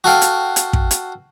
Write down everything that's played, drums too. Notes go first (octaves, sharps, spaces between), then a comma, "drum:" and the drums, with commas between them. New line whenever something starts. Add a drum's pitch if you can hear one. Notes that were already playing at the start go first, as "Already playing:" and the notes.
F#4 A4 F5 G5
drum: hi-hat
drum: hi-hat
drum: kick
drum: hi-hat